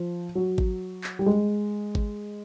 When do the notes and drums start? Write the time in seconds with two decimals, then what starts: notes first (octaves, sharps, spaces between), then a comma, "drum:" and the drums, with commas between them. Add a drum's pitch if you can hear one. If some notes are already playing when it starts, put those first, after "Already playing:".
Already playing: F3
0.35 F#3
0.58 drum: kick G#1
1.04 drum: clap
1.19 G3
1.26 G#3
1.95 drum: kick G#1